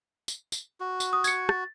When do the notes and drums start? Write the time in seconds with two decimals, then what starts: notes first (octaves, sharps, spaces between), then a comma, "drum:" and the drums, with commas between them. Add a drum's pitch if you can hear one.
0.28 drum: tambourine
0.52 drum: tambourine
0.80 F#4
1.00 drum: tambourine
1.13 D#6
1.24 G#6 C#7, drum: tambourine
1.49 A6, drum: rim click